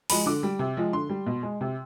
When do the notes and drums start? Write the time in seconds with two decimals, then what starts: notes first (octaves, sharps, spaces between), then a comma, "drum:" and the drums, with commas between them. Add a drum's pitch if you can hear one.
0.10 F3 G#3 B5, drum: open hi-hat
0.26 D3 D6
0.43 G3
0.59 C3
0.77 F3 G#3
0.93 D3 C6
1.09 G3
1.26 B2
1.43 G#3
1.61 C3